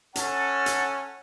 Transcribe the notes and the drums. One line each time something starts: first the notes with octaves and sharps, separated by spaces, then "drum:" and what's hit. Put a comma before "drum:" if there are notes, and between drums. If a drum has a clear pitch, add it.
C#4 A4 F#5 A5, drum: hi-hat
drum: hi-hat